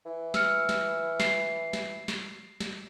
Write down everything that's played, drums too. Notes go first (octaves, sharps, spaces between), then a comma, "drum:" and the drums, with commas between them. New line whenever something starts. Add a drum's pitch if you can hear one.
E3
E6 F6 C#7, drum: snare
drum: snare
C7, drum: snare
drum: snare
drum: snare
drum: snare